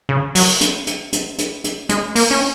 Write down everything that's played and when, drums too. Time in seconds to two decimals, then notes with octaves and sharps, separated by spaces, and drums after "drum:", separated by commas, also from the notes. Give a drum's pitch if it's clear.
0.09 C#3
0.35 F#3, drum: open hi-hat
0.61 drum: hi-hat
0.87 drum: hi-hat
1.13 drum: hi-hat
1.38 drum: hi-hat
1.64 drum: hi-hat
1.89 G#3, drum: hi-hat
2.15 A#3, drum: open hi-hat
2.31 C#4